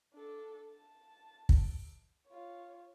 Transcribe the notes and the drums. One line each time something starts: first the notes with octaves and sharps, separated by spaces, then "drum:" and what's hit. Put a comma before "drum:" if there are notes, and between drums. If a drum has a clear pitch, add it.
D4 A4
A5
drum: kick
F4 C#5